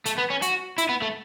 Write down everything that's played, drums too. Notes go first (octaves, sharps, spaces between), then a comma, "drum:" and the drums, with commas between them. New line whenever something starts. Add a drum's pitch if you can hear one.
A3, drum: hi-hat
B3
C#4
F#4, drum: hi-hat
E4, drum: hi-hat
B3
A3